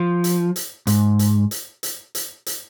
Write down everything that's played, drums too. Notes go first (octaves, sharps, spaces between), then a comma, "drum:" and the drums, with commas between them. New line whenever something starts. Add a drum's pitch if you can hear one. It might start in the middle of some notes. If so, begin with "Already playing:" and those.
Already playing: F3
drum: hi-hat
drum: hi-hat
G#2, drum: hi-hat
drum: hi-hat
drum: hi-hat
drum: hi-hat
drum: hi-hat
drum: hi-hat